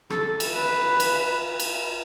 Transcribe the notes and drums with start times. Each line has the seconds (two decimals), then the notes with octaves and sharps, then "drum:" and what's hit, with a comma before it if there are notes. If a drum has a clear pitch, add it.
0.10 A4, drum: rim click
0.40 drum: cymbal
0.55 B4
1.00 drum: cymbal
1.60 drum: cymbal